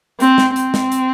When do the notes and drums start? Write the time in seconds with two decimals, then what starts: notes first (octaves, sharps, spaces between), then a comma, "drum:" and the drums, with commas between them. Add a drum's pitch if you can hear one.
0.20 C4, drum: hi-hat
0.38 drum: snare
0.56 C4, drum: hi-hat
0.74 drum: snare
0.92 drum: hi-hat